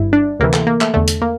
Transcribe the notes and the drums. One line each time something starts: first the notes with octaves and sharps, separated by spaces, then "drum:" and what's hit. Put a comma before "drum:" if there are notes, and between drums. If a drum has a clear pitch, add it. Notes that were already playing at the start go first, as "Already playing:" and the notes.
Already playing: G1 G2 E4
D4
D2 C3 E3 A#3
A3, drum: clap
A#3
A3, drum: clap
E2 D3 A3
drum: hi-hat
A#3